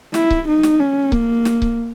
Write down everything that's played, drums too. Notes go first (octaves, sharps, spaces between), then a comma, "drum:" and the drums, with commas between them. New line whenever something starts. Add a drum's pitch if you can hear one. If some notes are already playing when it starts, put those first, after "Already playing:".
E4, drum: snare
drum: kick C#1
D#4
drum: snare
C#4
A#3, drum: kick C#1
drum: snare
drum: kick C#1